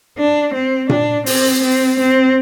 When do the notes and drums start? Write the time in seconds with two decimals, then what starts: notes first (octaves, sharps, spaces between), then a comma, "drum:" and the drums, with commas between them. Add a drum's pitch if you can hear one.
0.18 D4
0.54 C4
0.89 D4, drum: tom A#2
1.26 C4, drum: open hi-hat
1.62 C4
1.99 C4